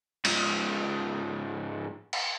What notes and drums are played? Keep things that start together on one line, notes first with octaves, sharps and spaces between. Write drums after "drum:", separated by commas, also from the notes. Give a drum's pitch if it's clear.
G#2 F3, drum: cymbal
drum: cymbal